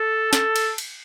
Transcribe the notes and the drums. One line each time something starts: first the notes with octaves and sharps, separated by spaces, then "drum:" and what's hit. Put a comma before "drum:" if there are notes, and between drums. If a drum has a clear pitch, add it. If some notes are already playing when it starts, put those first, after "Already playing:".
Already playing: A4
A4, drum: snare
drum: cymbal
drum: cymbal